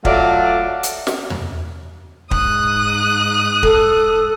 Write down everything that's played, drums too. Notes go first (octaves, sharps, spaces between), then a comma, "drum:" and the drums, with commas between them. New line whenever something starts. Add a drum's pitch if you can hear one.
F#3 A3 F4 D5, drum: kick
drum: hi-hat
drum: snare
drum: tom E2
G#2 D#6 F#6, drum: kick
A4, drum: kick